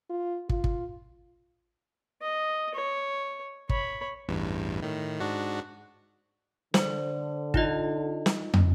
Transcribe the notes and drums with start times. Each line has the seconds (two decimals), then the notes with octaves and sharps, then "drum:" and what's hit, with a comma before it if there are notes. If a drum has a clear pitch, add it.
0.10 F4
0.49 F4, drum: kick
0.64 drum: kick
2.22 D#5
2.74 C#5
3.69 C#5 B5, drum: kick
4.29 A1 E2 G2
4.83 A2 D#3
5.20 G#2 D4 F#4
6.74 D3 C5, drum: snare
7.54 D#4 F4 D#5, drum: kick
8.26 drum: snare
8.54 drum: tom